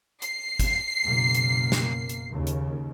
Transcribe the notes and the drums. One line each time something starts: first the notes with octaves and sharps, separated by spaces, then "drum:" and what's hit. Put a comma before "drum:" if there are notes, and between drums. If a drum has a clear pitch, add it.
C7, drum: hi-hat
drum: kick, hi-hat
F#1 B2 A#3
drum: hi-hat
drum: snare
drum: hi-hat
D#2 C#3
drum: hi-hat